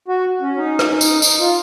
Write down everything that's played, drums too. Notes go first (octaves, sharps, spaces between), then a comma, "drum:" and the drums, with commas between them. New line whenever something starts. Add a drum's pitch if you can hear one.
F#4
C#4
D#4
drum: rim click
D#4
drum: tambourine
D#4, drum: tambourine
F4